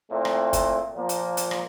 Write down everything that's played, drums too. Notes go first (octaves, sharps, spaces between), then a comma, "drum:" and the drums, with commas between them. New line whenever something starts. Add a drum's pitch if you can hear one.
A#2 A3 C4 E4
drum: rim click
drum: kick, hi-hat
A#2 F3 A#3
drum: hi-hat
drum: hi-hat
drum: rim click